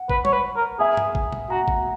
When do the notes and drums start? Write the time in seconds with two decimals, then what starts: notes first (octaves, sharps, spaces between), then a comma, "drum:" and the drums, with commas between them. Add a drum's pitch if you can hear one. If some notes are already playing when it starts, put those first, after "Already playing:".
Already playing: F#5
0.10 B4, drum: kick G#1
0.25 C#5, drum: tom
0.33 B4
0.57 A#4
0.79 G#4 E5 G#5
0.97 drum: tom G2
1.15 drum: kick G#1
1.33 drum: tom A#2
1.50 F#4 F#5 A#5
1.68 drum: kick G#1